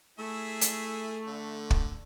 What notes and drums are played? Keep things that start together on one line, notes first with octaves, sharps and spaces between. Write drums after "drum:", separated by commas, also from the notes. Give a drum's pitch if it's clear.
A3 E4 G#4 E5
drum: hi-hat
D3
drum: kick